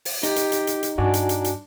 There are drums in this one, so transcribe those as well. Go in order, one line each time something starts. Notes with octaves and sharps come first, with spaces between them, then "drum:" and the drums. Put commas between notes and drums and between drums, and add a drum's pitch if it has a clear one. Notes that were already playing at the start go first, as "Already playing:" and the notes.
drum: open hi-hat
D#4 G4, drum: hi-hat
drum: hi-hat
drum: hi-hat
drum: hi-hat
drum: hi-hat
G2 D4 F#4 D5 G#5
drum: hi-hat
drum: hi-hat
drum: hi-hat